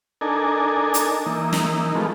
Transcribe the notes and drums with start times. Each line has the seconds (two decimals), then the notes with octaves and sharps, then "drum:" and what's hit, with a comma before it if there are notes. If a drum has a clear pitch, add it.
0.21 D4 D#4 A4 A#4 G#5
0.94 drum: hi-hat
1.26 E3 A#3 D#4
1.53 drum: snare
1.95 F3 G#3 A3 B3